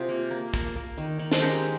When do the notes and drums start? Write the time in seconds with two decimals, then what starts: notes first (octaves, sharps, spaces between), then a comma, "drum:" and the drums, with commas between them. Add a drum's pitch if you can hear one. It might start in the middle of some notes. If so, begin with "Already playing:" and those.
Already playing: C3 F4 G#4
0.08 A#3
0.31 A#3
0.54 A#3, drum: kick
0.76 A#3
0.98 D#3
1.19 D#3
1.32 C5, drum: snare
1.42 G#3 G4 A#4